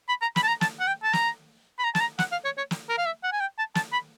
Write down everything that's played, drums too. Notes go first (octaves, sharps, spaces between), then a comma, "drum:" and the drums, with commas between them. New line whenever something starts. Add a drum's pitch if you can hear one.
B5
A#5
B5, drum: snare
A5
A#5
A5, drum: snare
F#5
G5
A5
A#5, drum: snare
B5
A#5
A5, drum: snare
A#5
F#5, drum: snare
F5
C#5
C#5
drum: snare
A#4
F5
E5
F#5
G#5
G5
A5
A5, drum: snare
B5